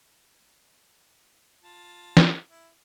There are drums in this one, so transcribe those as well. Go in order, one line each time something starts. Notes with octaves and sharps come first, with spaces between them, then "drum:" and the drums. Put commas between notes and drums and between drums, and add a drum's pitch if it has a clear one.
F4 A5
drum: snare
E4